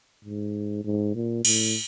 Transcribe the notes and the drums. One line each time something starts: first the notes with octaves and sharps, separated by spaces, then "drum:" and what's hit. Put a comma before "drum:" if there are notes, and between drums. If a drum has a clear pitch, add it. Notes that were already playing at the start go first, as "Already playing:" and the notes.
G#2
G#2
A#2
A2, drum: cymbal